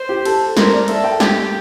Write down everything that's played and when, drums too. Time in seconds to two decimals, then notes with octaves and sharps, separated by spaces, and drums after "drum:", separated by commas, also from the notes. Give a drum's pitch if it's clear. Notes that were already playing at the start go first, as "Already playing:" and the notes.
Already playing: C5
0.09 G4
0.25 A4, drum: cymbal
0.57 A#4 C5, drum: snare
0.73 D5
0.88 A4 E5, drum: cymbal
1.04 G5
1.20 G4 G5, drum: snare